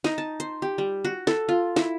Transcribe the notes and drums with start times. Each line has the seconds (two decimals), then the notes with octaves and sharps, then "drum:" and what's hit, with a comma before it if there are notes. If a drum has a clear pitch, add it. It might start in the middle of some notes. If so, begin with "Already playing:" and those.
0.04 D#4, drum: snare
0.18 A5
0.40 C5, drum: hi-hat
0.62 G4
0.78 G3
1.05 F#4
1.27 A4, drum: snare
1.49 F4
1.76 E4, drum: snare